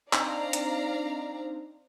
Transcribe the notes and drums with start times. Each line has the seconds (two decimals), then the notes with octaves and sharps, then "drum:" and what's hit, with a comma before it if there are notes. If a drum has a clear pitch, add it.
0.13 C4 D4 D#4 D5 F5 A#5, drum: clap
0.53 drum: hi-hat